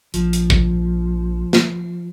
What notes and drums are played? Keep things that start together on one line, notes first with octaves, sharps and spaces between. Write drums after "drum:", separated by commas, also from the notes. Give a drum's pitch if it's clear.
A#1 F3, drum: hi-hat
drum: hi-hat
drum: kick
drum: snare